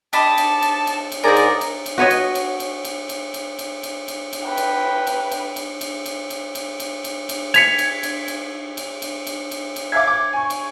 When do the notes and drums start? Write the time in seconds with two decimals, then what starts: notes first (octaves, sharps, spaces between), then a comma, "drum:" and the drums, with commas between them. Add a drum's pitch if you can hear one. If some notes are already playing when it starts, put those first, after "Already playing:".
0.13 G4 D#5 A5 B5, drum: cymbal
0.38 drum: cymbal
0.62 drum: cymbal
0.87 drum: cymbal
1.12 drum: cymbal
1.24 G#2 D#4 G#4 A#4 D5 G#5 D6
1.36 drum: cymbal
1.61 drum: cymbal
1.86 drum: cymbal
1.98 F#4 B4 C#5 D#5
2.10 drum: cymbal
2.35 drum: cymbal
2.60 drum: cymbal
2.85 drum: cymbal
3.09 drum: cymbal
3.34 drum: cymbal
3.59 drum: cymbal
3.83 drum: cymbal
4.08 drum: cymbal
4.33 drum: cymbal
4.43 B4 G5
4.57 drum: cymbal
5.07 drum: cymbal
5.31 drum: cymbal
5.56 drum: cymbal
5.81 drum: cymbal
6.06 drum: cymbal
6.30 drum: cymbal
6.55 drum: cymbal
6.80 drum: cymbal
7.04 drum: cymbal
7.29 drum: cymbal
7.54 G#6 B6 C#7 F7, drum: cymbal
7.78 drum: cymbal
8.03 drum: cymbal
8.28 drum: cymbal
8.77 drum: cymbal
9.02 drum: cymbal
9.27 drum: cymbal
9.51 drum: cymbal
9.76 drum: cymbal
9.92 E5 F5 D6 G#6
10.07 D6
10.33 G#5 C#6
10.50 drum: cymbal